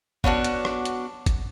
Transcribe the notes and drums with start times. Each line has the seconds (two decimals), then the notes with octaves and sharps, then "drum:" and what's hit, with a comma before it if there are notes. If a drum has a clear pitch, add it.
0.24 B3 C#4 D4 F#4, drum: kick
0.44 drum: hi-hat
0.65 drum: rim click
0.85 drum: hi-hat
1.26 drum: kick, hi-hat